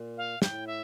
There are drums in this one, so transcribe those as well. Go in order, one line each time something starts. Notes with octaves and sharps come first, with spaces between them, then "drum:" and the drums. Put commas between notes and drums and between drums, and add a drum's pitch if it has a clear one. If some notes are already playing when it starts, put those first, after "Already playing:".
Already playing: A#2
F5
A2 G5, drum: snare
E5